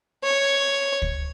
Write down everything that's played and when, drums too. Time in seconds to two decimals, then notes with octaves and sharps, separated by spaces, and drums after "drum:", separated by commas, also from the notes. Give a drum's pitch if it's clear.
0.23 C#5
1.02 drum: kick